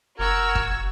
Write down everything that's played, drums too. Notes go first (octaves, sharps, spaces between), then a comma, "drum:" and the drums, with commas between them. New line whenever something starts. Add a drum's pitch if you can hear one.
F#1 F#4 A#4 C#6 E6 G#6
drum: kick